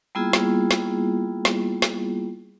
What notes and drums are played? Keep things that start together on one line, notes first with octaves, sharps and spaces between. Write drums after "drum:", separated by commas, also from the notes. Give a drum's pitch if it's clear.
G3 A#3 B3 E4 F4 G#4
drum: snare
drum: snare
drum: snare
drum: snare